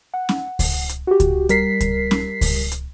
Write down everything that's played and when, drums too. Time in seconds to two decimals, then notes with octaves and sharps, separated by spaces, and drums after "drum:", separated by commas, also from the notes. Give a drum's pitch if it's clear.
0.14 F#5
0.29 drum: snare C#4
0.59 drum: kick C#2, open hi-hat
0.89 drum: hi-hat
1.07 F#4 G4
1.20 drum: kick C#2, hi-hat
1.49 G3 A#4 B6 C7, drum: hi-hat
1.81 drum: kick C#2, hi-hat
2.11 drum: snare C#4
2.41 drum: kick C#2, open hi-hat
2.72 drum: hi-hat